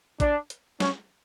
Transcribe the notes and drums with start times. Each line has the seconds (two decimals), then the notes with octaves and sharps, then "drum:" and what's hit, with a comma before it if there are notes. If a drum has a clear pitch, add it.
0.20 D4, drum: kick, hi-hat
0.50 drum: hi-hat
0.80 C#4, drum: snare